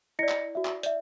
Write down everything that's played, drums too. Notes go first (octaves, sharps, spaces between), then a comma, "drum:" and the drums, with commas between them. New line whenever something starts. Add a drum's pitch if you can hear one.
E4 D5 D#5 A#6 C#7
drum: clap
F#4 E5
drum: clap
D5 E5, drum: hi-hat